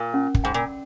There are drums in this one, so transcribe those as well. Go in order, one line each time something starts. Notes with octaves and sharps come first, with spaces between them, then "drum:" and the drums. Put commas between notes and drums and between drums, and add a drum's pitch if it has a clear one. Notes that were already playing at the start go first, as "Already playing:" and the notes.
Already playing: A#2 A#4
C#4
drum: kick
G#2 G5
A#2